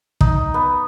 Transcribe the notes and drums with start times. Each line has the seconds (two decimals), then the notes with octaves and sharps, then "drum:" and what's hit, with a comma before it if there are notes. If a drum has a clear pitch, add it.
0.21 D#4, drum: kick
0.54 B3